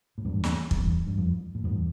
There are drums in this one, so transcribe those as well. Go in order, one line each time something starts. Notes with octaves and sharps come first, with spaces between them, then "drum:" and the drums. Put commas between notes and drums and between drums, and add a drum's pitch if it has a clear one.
A2
E2 G2
drum: snare
E2 G2, drum: kick
G2
F2
A2
E2 G2